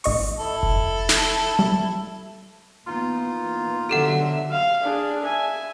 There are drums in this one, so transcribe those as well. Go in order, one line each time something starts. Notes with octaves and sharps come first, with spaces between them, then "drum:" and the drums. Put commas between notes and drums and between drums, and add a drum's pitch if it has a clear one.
A1 D#5 C#6, drum: open hi-hat
E4 A4
drum: kick F1
drum: snare
G3
E3 A#3 B3 D#4 F4
D3 F#3 G4 A4 E5 F#5
F5
D4 G#4
E5 G#5